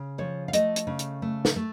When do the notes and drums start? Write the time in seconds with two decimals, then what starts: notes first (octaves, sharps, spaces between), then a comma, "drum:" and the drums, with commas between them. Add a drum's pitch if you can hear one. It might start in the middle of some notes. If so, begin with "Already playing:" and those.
Already playing: C#3
0.18 F3 C#5
0.48 F5
0.53 A3 D#5, drum: hi-hat
0.76 drum: hi-hat
0.87 C#3
0.99 drum: hi-hat
1.22 A3
1.45 drum: snare
1.56 A3